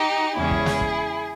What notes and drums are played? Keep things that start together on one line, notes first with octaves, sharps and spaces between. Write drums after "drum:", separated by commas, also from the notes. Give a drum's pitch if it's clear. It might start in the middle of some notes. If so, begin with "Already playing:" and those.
Already playing: D#4 G4
E2 C#3 G#3 C#4 E4 G#4
drum: kick
drum: snare
drum: kick